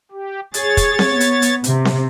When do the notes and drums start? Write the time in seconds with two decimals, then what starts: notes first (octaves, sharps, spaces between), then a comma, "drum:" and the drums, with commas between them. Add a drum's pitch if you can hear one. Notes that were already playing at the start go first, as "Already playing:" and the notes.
0.12 G4
0.54 G#4 C#5 A6, drum: hi-hat
0.77 drum: kick, hi-hat
0.99 drum: snare C4
1.09 B3
1.20 drum: hi-hat
1.42 drum: hi-hat
1.64 C3, drum: hi-hat
1.85 drum: snare C4